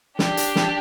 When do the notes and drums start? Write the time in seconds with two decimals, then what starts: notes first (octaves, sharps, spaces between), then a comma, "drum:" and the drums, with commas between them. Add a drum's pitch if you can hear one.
0.19 D4 G4, drum: snare
0.37 drum: hi-hat
0.56 drum: snare